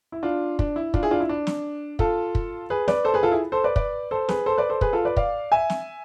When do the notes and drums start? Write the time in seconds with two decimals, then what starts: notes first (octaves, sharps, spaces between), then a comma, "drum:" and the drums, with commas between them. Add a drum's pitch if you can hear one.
0.12 E4
0.23 D4 F4
0.59 D4, drum: kick
0.76 E4
0.94 D4 F4, drum: kick
1.02 E4 G#4
1.11 D4 F4
1.20 E4
1.29 D4
1.47 drum: snare
1.99 F4 A4, drum: kick
2.35 drum: kick
2.70 G#4 B4
2.88 B4 D5, drum: snare
3.05 A4 C5
3.14 G#4 B4
3.23 F4 A4
3.31 E4 G#4
3.52 A4 C5
3.64 B4 D5
3.76 B4 D5, drum: kick
4.11 A4 C5
4.29 G#4 B4, drum: snare
4.46 A4 C5
4.57 B4 D5
4.70 A4 C5
4.81 G#4 B4, drum: kick
4.93 F4 A4
5.05 B4 D5
5.17 D5 F5, drum: kick
5.52 E5 G#5
5.70 drum: snare